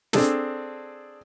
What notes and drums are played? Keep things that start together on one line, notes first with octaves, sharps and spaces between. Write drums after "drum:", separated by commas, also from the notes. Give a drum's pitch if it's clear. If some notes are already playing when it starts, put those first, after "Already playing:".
C4 D4 G#4 A4, drum: snare